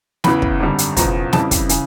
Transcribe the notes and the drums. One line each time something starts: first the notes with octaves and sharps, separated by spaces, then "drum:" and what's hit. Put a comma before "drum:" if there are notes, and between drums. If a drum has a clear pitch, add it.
E2 C#3 E3 B5, drum: snare
drum: kick
G#1 F#2 D3 G3
drum: hi-hat
E1 E2 C#3 F3 A#5, drum: kick, hi-hat
F2 C#3 E3 G3 A5, drum: snare
drum: kick, hi-hat
C#3 E3 G#5, drum: hi-hat